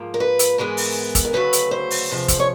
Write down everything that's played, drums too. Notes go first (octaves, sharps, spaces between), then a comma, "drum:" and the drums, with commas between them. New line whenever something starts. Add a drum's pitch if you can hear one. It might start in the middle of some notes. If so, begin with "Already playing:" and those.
Already playing: G#2 F3 A#3
A#4
B4
drum: hi-hat
G#2 E3 G#3 B3 A#4
drum: open hi-hat
drum: kick, hi-hat
A#4
D2 C#3 F#3 A3 B4
drum: hi-hat
C5
drum: open hi-hat
E2 C3 F3
drum: kick, hi-hat
C#5